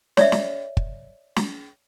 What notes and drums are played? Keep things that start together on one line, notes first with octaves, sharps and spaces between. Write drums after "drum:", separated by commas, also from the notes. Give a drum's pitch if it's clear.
C#5 D5 E5, drum: snare
drum: snare
drum: kick
drum: snare